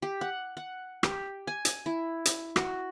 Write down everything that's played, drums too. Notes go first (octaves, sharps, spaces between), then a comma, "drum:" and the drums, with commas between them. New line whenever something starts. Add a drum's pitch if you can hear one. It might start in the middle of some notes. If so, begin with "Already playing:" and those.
G4
F#5
F#5
G4, drum: rim click
G#5
drum: hi-hat
E4
drum: hi-hat
F#4, drum: rim click